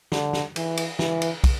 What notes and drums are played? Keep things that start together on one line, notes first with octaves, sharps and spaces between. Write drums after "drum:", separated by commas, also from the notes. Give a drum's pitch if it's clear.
D3, drum: snare
drum: snare
E3, drum: cymbal
drum: cymbal
E3, drum: snare
drum: cymbal
drum: kick, cymbal